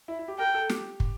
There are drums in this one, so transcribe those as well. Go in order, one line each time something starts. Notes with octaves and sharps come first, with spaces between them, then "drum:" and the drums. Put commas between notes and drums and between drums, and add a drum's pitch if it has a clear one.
E4
E4
G4
A#4 G5
A4
G4, drum: snare
drum: kick